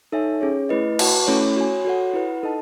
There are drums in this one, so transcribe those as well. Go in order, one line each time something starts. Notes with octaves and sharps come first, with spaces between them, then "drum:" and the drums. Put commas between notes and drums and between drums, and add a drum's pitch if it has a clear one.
D#4 A4 C#5 E5 G#5
C#4 G#4 C#5
A3 E4 B4 D#5
F#4 B4 F#5 A5, drum: cymbal
A3 C#4 E4 A4 C#5
F#4 C#5 G#5
F#4 A4 C#5 F#5
E4 B4 F#5
D#4 A4 D#5 A5